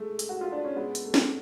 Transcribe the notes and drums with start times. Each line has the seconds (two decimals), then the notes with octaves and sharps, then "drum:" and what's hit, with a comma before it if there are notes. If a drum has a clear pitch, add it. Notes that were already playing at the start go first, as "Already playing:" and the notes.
Already playing: G#3 A3
0.19 drum: hi-hat
0.29 F#4
0.41 F4
0.52 D4
0.65 C#4
0.76 G#3 B3
0.95 drum: hi-hat
1.05 A3
1.14 drum: snare C4